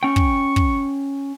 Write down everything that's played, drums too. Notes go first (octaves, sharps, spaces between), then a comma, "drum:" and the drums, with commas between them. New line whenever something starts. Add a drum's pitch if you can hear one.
C#4 G5 C#6
drum: kick
drum: kick